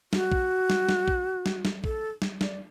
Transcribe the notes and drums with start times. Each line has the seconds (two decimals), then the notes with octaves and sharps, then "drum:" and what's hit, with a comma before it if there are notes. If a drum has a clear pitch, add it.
0.13 F#4, drum: snare
0.32 drum: kick A#1
0.70 drum: snare
0.89 drum: snare
1.08 drum: kick A#1
1.46 drum: snare
1.65 drum: snare
1.84 A4, drum: kick A#1
2.22 drum: snare
2.41 D5, drum: snare